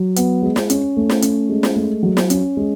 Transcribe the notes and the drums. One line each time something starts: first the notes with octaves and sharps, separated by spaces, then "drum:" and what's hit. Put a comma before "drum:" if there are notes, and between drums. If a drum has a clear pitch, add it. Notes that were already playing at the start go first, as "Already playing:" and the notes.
Already playing: F#3
B3, drum: hi-hat
G#3
drum: snare
C#4, drum: hi-hat
A3
drum: snare
C#4, drum: hi-hat
G#3
drum: snare
A3
F#3
drum: snare
C#4, drum: hi-hat
G#3